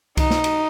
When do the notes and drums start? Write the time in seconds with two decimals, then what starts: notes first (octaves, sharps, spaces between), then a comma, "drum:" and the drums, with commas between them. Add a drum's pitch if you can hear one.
0.17 D#4, drum: kick C2, cymbal
0.30 drum: snare
0.44 drum: cymbal